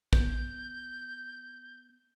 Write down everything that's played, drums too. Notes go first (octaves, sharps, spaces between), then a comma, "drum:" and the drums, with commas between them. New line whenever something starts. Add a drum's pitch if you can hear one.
B3 G6, drum: kick